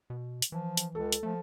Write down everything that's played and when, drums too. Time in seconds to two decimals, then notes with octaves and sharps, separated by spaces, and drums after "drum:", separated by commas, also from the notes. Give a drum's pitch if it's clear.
0.10 B2
0.42 drum: hi-hat
0.52 E3 F3
0.77 drum: hi-hat
0.95 C#2 A4
1.12 drum: hi-hat
1.23 F3 A3